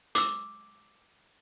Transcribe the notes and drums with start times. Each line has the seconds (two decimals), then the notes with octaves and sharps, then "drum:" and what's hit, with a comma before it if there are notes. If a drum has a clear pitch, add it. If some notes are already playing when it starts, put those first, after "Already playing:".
0.15 D6 E6, drum: hi-hat